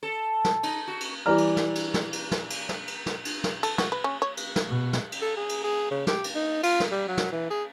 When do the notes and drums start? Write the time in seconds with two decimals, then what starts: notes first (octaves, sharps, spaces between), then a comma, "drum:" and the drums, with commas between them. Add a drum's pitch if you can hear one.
0.03 A4
0.45 drum: snare
0.63 D#4, drum: cymbal
0.88 F#4
1.01 drum: cymbal
1.26 E3 G3 D5 A#5 F6
1.38 drum: cymbal
1.57 drum: snare
1.75 drum: cymbal
1.94 drum: snare
2.13 drum: cymbal
2.31 drum: snare
2.50 drum: cymbal
2.69 drum: snare
2.88 drum: cymbal
3.06 drum: snare
3.25 drum: cymbal
3.44 drum: snare
3.63 A4, drum: cymbal
3.78 F#4, drum: snare
3.92 B4
4.04 C#4
4.22 C#5
4.37 drum: cymbal
4.56 drum: snare
4.68 B2
4.93 drum: snare
5.12 drum: cymbal
5.22 A4
5.37 G#4
5.49 drum: cymbal
5.64 G#4
5.91 C#3
6.07 G4, drum: snare
6.24 drum: cymbal
6.35 D#4
6.63 F4, drum: cymbal
6.80 drum: snare
6.91 G3
7.08 F#3
7.18 drum: snare
7.32 E3
7.50 G#4